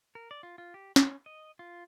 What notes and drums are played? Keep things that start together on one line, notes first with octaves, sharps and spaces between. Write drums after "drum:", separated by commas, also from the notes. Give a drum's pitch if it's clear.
A#4
D5
F4
F4
G4
C#4, drum: snare
D#5
F4